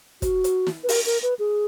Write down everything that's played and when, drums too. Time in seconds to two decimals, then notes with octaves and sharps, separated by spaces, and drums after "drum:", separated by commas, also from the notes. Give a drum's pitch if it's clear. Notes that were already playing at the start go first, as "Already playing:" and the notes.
0.22 F#4, drum: kick, hi-hat
0.44 drum: hi-hat
0.67 drum: snare
0.84 B4
0.89 A#4, drum: open hi-hat
1.06 A#4
1.23 B4
1.39 G#4